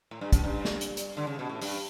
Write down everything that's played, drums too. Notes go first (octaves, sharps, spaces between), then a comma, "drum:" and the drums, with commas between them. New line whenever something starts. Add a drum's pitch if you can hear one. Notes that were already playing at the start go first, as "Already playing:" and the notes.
A2
G2
F#2, drum: kick, hi-hat
G2
drum: snare
drum: hi-hat
drum: hi-hat
D3
C#3
B2
A2
G2, drum: open hi-hat